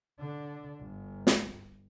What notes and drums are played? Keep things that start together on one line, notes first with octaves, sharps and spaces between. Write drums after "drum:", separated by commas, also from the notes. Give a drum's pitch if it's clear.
D3 D4
G1
drum: snare